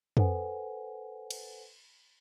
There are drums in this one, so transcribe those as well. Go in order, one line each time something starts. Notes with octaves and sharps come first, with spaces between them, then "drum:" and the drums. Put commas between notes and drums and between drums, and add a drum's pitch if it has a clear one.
A4 B4 C5 F#5 G#5, drum: tom F2
drum: cymbal